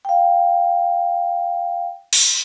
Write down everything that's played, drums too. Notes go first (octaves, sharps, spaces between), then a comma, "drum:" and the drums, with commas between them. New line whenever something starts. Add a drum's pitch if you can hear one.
F5 G5
drum: cymbal